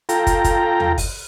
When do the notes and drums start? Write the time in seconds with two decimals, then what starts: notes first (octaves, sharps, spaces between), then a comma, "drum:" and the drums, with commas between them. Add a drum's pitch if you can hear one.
0.09 F4 A4 G5 A#5, drum: hi-hat
0.27 drum: kick, hi-hat
0.44 drum: kick, hi-hat
0.80 drum: tom D#2
0.98 drum: kick, open hi-hat